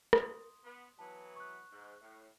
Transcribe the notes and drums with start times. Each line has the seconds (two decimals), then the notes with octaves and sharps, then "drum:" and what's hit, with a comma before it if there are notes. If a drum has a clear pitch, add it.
0.13 C6 D#6, drum: rim click
0.64 B3
0.99 E3 F#3 B3 A5
1.36 C#6 F#6
1.72 G#2
2.01 A2